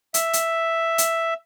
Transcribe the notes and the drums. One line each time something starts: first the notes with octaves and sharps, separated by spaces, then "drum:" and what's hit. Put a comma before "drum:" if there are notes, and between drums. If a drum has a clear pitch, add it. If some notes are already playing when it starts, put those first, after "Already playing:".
E5, drum: hi-hat
drum: hi-hat
drum: hi-hat